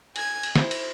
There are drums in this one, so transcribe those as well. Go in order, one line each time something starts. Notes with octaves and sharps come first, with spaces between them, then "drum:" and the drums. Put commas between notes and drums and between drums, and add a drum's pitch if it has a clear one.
G#5 G#6, drum: cymbal
drum: cymbal
E4 C5, drum: snare
drum: cymbal